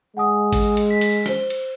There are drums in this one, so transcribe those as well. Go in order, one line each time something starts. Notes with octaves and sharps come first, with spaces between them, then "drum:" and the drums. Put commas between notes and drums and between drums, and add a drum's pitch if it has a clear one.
G#3 F#5 G#5 D#6
drum: kick G#1, cymbal
drum: cymbal
B6
drum: cymbal
C5 G7, drum: snare
drum: cymbal